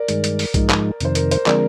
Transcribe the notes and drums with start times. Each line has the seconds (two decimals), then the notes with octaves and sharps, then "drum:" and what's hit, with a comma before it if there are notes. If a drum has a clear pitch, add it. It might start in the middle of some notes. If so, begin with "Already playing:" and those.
Already playing: A#4 D5
0.08 G2 D#3 G#3, drum: hi-hat
0.24 drum: hi-hat
0.39 drum: open hi-hat
0.54 G#2 F3 G#3 D#4, drum: kick, hi-hat
0.70 drum: clap
1.00 F2 C3 D#3 C5, drum: hi-hat
1.15 A#4, drum: hi-hat
1.31 C5, drum: hi-hat
1.46 D3 F3 G#3 C4 A#4 D5, drum: clap